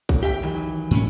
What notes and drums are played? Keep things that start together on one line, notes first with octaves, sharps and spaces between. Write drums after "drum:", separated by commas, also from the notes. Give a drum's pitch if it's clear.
drum: kick A#1
G4 E5 G5
D#3 E3 F#3
G#2 C#4